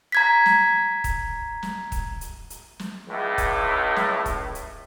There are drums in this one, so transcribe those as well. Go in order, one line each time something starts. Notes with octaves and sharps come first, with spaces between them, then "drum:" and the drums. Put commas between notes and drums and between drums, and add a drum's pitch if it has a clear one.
A#5 G#6 B6
drum: snare
drum: kick, hi-hat
drum: snare
drum: kick, hi-hat
drum: hi-hat
drum: hi-hat
drum: snare
C#2 A2
drum: kick, hi-hat
drum: snare
drum: kick, hi-hat
drum: hi-hat